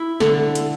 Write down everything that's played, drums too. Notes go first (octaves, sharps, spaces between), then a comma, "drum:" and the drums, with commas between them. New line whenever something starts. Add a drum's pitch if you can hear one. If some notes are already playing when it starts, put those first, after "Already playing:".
Already playing: E4
D3, drum: snare
drum: hi-hat